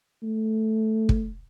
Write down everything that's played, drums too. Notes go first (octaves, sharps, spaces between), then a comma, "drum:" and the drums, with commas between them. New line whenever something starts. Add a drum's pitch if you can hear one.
A3
drum: kick